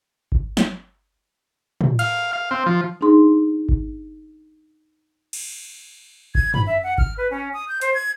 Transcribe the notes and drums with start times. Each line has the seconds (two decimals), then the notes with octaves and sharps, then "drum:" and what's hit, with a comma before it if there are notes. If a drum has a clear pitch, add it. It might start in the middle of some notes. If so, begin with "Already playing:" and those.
0.32 drum: kick G1
0.57 drum: snare
1.81 drum: tom
1.99 F5, drum: cymbal
2.33 F5
2.51 C4
2.66 F3
3.01 D4 D#4 G#4 C6
3.69 drum: kick G1
5.33 drum: cymbal
6.35 G#6, drum: kick G1
6.54 B5, drum: tom
6.67 E5
6.83 F#5
6.98 F6, drum: kick G1
7.18 B4
7.31 C#4
7.54 D#6
7.68 G6
7.81 C5, drum: hi-hat
7.94 G#6